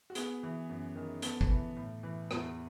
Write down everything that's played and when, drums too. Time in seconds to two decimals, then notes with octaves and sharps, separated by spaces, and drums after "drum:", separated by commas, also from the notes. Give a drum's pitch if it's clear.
0.10 F#4
0.15 B3 G#4, drum: hi-hat
0.43 E3
0.69 F#2
0.96 D#3
1.22 B3 A4, drum: hi-hat
1.41 drum: kick G#1
1.50 E3
1.76 A2
2.03 E3
2.31 E2, drum: rim click